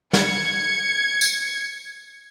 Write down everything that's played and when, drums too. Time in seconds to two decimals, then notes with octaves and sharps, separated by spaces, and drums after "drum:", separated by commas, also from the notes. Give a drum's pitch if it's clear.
0.13 G#6 C#7, drum: snare
1.21 drum: tambourine